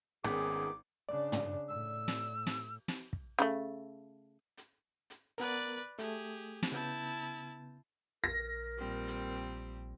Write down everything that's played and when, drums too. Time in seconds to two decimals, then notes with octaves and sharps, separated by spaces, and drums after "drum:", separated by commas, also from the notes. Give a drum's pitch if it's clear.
0.24 G#1 D#3 B3 C#4 G#4 D6, drum: rim click
1.09 C#3 D4 D5
1.32 drum: tom
1.68 A2 E6
2.08 drum: snare
2.47 drum: snare
2.88 drum: snare
3.13 drum: kick
3.39 C#3 F#3 A3
4.58 drum: hi-hat
5.10 drum: hi-hat
5.38 B3 A#4 B4 D5
5.99 A3 G4 G#4, drum: hi-hat
6.62 drum: snare
6.72 C#3 B3 E4 A5 G6
8.24 A#1 A#4 A#6
8.78 A#2 G3 C4
9.08 drum: hi-hat